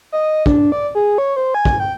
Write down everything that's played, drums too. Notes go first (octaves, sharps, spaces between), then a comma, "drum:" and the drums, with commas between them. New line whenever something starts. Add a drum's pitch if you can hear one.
D#5
D4, drum: kick
D5
G#4
C#5
C5
G#5
drum: kick
G5